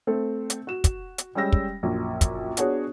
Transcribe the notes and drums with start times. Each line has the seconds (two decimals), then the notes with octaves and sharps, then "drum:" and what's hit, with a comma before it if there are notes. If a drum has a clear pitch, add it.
0.07 A3 C4 A4
0.50 drum: hi-hat
0.67 F#4 E7
0.84 drum: kick, hi-hat
1.18 drum: hi-hat
1.35 G3 G#3 C#4 G5 E6 A#6
1.52 drum: kick
1.83 A#1 F#2
2.21 drum: kick, hi-hat
2.57 B3 D4 F#4 G#4 C#5, drum: hi-hat